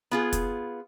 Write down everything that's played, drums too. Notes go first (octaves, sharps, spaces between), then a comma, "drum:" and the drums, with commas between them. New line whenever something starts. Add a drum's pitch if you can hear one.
B3 F4 G#4
drum: kick, hi-hat